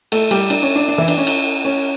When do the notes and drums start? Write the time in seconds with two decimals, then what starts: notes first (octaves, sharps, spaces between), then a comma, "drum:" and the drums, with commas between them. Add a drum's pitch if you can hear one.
0.12 A3 A4, drum: cymbal
0.31 G3 G4, drum: cymbal
0.50 D4, drum: cymbal
0.63 C#4
0.76 D4
0.88 D4
0.98 E3 E4
1.08 D4, drum: cymbal
1.18 C#4
1.27 drum: cymbal
1.65 C#4